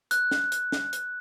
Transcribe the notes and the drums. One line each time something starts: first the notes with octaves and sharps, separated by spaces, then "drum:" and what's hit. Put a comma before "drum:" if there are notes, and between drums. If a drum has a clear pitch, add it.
F#6, drum: hi-hat
drum: snare
drum: hi-hat
drum: snare
drum: hi-hat